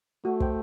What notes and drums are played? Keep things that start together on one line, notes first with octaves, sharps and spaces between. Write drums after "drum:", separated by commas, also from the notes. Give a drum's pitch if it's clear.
A3 F#4
C5 G5, drum: kick